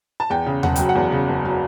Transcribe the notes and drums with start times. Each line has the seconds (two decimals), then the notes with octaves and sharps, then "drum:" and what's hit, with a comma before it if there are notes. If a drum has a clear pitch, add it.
0.20 A5
0.30 E2 G5
0.46 C#3
0.63 F#1 F#5, drum: tom D#2
0.76 F#3 G5, drum: hi-hat
0.89 F#5
0.95 E2
1.12 C#3
1.28 F#1
1.45 F#3